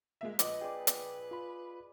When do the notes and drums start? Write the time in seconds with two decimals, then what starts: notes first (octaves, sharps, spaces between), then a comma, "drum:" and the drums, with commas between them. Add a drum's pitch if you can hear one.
0.21 G#3 A#3 E5
0.39 A#1 B4 D#5 D6 F#7, drum: hi-hat
0.61 G#4 D5 G5
0.87 drum: hi-hat
1.31 F4 B5